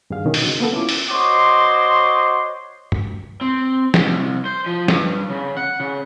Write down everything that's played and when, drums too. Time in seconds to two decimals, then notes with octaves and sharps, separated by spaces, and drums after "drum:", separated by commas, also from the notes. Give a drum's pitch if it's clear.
0.10 G2 D#3 D4 G#4 F5
0.25 B2 D#3 C#4
0.34 drum: open hi-hat
0.44 C#3 F#3
0.60 A#3 B3 A4
0.72 C#4 E4 F4 D6
0.89 drum: open hi-hat
1.11 F#4 C5 C#5 D#5 C6 D6
2.92 drum: tom
3.41 C4
3.94 drum: snare
4.06 C2
4.45 C5
4.66 F3
4.88 G2, drum: snare
5.30 C#3
5.57 F#5
5.80 C#3